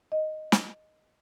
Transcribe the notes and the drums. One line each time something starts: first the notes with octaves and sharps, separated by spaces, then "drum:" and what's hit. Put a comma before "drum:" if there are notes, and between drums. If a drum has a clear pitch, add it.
D#5
drum: snare